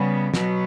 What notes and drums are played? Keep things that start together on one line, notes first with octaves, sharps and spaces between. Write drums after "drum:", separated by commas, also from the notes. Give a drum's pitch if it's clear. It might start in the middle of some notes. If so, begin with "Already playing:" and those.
Already playing: C#3 G3 B3
B2 F#3 B3, drum: snare